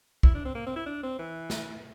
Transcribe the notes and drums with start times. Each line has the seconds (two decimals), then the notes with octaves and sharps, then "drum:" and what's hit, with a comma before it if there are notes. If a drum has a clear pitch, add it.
0.23 E4, drum: kick
0.34 D4
0.45 C4
0.55 A#3
0.66 C4
0.76 E4
0.86 D4
1.03 C4
1.19 E3
1.50 drum: snare